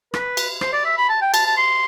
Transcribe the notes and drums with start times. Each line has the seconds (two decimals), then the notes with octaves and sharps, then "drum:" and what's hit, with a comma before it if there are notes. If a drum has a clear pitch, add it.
0.14 B4, drum: rim click
0.37 drum: cymbal
0.61 C5, drum: rim click
0.73 D5
0.85 E5
0.97 B5
1.09 A5
1.22 G5
1.34 A5, drum: cymbal
1.46 A5
1.57 C6